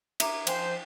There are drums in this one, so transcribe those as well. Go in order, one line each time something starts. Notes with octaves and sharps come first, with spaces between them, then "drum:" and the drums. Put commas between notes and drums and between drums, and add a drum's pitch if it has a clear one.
E5 A#5 D6, drum: cymbal
F3 C5 F5 G5 G#5, drum: cymbal